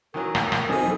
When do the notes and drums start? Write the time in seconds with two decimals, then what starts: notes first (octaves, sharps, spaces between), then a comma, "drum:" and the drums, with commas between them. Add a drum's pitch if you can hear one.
0.14 D#3 E3 F#3 A#4
0.35 drum: rim click
0.52 drum: rim click
0.69 E2 B2 F#3 C4 D#4 A4 G#5 D#6